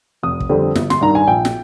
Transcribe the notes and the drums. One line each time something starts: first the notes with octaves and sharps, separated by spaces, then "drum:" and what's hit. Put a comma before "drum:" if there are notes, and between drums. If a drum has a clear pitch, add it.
F1 D#6
drum: kick
F2 D3 G3 C4
G1, drum: snare
C6, drum: snare
G2 D#3 A#5
G#5
A#1 G5
drum: snare